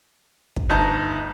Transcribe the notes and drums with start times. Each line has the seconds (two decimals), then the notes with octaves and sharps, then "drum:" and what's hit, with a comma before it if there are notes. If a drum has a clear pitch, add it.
0.56 drum: kick
0.69 G1 D2 D#4 A5 A#5 G6